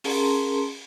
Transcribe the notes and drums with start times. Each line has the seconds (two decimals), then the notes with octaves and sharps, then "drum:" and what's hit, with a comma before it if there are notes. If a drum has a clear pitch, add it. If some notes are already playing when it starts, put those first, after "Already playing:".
0.04 C#4 G#4 A#4 A5 A#5 C6, drum: open hi-hat